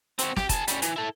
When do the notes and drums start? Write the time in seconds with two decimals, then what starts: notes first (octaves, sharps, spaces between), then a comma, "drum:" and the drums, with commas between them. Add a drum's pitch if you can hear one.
0.19 C4 F#4, drum: hi-hat
0.36 G4, drum: snare
0.49 G#4 A5, drum: kick F1, hi-hat
0.68 G3 C#4, drum: hi-hat
0.82 E3, drum: hi-hat
0.96 E4 A4